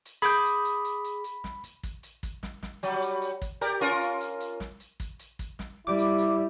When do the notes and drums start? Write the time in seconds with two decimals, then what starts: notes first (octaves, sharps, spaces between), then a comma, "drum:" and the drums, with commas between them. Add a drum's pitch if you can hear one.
0.06 drum: hi-hat
0.22 G#4 B5 D6 G6
0.45 drum: hi-hat
0.65 drum: hi-hat
0.85 drum: hi-hat
1.04 drum: hi-hat
1.24 drum: hi-hat
1.44 drum: snare
1.64 drum: hi-hat
1.83 drum: kick, hi-hat
2.03 drum: hi-hat
2.23 drum: kick, hi-hat
2.43 drum: snare
2.63 drum: snare
2.83 F#3 G3, drum: hi-hat
3.02 drum: hi-hat
3.22 drum: hi-hat
3.42 drum: kick, hi-hat
3.61 G4 A#4 D5, drum: hi-hat
3.81 C#4 F4 A#4, drum: hi-hat
4.01 drum: hi-hat
4.21 drum: hi-hat
4.40 drum: hi-hat
4.60 drum: snare
4.80 drum: hi-hat
5.00 drum: kick, hi-hat
5.19 drum: hi-hat
5.39 drum: kick, hi-hat
5.59 drum: snare
5.87 G3 E4 D6
5.99 drum: hi-hat
6.18 drum: hi-hat